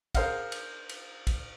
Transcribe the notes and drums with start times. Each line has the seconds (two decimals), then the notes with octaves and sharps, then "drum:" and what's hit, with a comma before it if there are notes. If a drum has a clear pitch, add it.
0.15 G#4 A#4 C5 D#5 F5 F#5, drum: kick, cymbal
0.52 drum: cymbal
0.89 drum: cymbal
1.27 drum: kick, cymbal